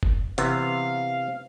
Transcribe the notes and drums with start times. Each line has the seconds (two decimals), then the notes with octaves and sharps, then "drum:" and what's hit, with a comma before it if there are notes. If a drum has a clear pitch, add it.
0.03 drum: kick F#1
0.38 C3 E3 B3 F5, drum: hi-hat